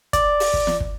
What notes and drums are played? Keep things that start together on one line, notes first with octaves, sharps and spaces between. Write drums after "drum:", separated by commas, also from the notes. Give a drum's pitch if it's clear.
D5, drum: kick, hi-hat
drum: open hi-hat
drum: kick
drum: snare
drum: kick